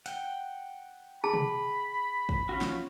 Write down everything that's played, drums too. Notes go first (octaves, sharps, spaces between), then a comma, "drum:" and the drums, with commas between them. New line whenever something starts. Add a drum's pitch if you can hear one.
F#5 G5, drum: hi-hat
G#4 A5 B5
drum: tom
drum: kick
C#4 F4 F#4
drum: snare